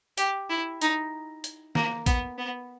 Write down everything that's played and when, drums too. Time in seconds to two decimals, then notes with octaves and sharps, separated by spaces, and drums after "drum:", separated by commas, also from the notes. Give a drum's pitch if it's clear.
0.18 G4, drum: hi-hat
0.50 E4
0.81 D#4, drum: hi-hat
1.44 drum: hi-hat
1.75 A#3, drum: snare
2.06 B3, drum: kick, hi-hat
2.38 B3